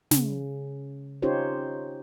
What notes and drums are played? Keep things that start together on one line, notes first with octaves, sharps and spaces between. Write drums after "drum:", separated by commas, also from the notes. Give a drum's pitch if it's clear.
C#3, drum: snare
C#4 D#4 F4 G4 C5 C#5